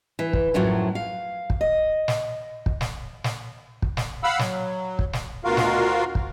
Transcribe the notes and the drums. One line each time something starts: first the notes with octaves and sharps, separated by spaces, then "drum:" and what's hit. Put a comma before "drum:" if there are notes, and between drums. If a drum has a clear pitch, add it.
E3
drum: kick
F#2 A2 F3 F#3
F5
drum: kick
D#5
drum: snare
drum: kick
drum: snare
drum: snare
drum: kick
drum: snare
F5 F#5 B5 E6
F#3, drum: snare
drum: kick
drum: snare
D2 B2 F4 F#4 A#4 F5
drum: snare
drum: kick